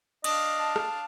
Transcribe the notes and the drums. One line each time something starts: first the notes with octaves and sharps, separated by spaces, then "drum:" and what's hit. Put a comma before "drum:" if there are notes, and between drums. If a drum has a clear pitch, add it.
D4 D#5 F5 D#6, drum: cymbal
A5
drum: rim click